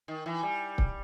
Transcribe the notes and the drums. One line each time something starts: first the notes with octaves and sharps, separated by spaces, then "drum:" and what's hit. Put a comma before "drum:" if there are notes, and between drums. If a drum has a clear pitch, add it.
D#3
E3
G3
drum: kick C#1